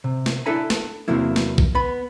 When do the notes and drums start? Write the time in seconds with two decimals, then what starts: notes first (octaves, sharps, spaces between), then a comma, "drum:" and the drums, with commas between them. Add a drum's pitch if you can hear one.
0.04 C3
0.26 drum: snare
0.46 D4 E4 A4 E5 G#5 A#5
0.70 drum: snare
1.08 E2 C3 F#3 A#3 E4
1.36 drum: snare
1.58 drum: kick
1.75 B3 B5